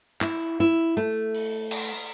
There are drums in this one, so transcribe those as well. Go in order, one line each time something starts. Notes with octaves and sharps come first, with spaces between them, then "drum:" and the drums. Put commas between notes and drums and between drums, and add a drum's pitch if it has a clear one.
E4, drum: clap
E4
A3
drum: open hi-hat
drum: cymbal